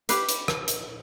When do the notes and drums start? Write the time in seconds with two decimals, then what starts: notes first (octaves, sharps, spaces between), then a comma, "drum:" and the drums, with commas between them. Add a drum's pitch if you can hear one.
0.09 G4 B4 F5, drum: hi-hat
0.29 drum: hi-hat
0.48 drum: rim click
0.68 drum: hi-hat